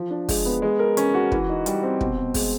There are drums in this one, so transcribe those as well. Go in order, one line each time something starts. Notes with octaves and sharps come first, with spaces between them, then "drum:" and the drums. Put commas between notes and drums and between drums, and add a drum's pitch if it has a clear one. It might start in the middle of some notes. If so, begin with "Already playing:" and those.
Already playing: F3
D4
G#3, drum: kick, open hi-hat
B3
G#3
A#4
C#4, drum: hi-hat
F#4
E3, drum: kick
D#4
G3, drum: hi-hat
C4
B2, drum: kick
B2
G#3, drum: kick, open hi-hat